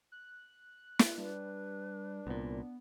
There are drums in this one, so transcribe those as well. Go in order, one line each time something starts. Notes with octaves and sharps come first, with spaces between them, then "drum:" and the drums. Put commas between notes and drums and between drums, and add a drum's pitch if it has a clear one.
F#6
drum: snare
G3 D4 B4
C2 A#2 B3